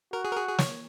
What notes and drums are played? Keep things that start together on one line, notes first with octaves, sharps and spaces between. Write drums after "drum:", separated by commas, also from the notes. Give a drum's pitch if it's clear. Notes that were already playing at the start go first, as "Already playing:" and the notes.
F#4 A#4
G#4
A#4
G#4
G#4
C#5, drum: snare